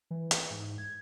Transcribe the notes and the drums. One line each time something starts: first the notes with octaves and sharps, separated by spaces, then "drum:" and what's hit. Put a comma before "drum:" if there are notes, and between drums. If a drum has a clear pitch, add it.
E3
drum: hi-hat
G#2
G#6